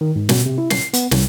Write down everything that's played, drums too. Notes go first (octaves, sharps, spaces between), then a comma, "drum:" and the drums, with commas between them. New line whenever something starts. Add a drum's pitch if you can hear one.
D#3
G#2
B2, drum: snare
C3
E4
C7, drum: snare
B3, drum: hi-hat
C2, drum: snare